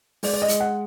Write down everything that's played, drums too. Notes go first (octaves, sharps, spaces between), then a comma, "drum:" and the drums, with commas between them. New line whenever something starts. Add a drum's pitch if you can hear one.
G#3 D5, drum: open hi-hat
D5
D#5
G#3, drum: hi-hat
F#5